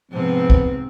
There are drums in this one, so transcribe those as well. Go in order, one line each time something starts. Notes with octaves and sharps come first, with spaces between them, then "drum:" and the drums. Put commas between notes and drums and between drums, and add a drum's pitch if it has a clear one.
G#2 C3 F3 B3 C4
drum: kick